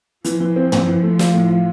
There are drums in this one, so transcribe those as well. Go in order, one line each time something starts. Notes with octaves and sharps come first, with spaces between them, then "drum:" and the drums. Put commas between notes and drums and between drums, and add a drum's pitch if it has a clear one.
E3 F3, drum: hi-hat
E3
C4
C4, drum: tom
E3
A3
F4, drum: snare
A2
F4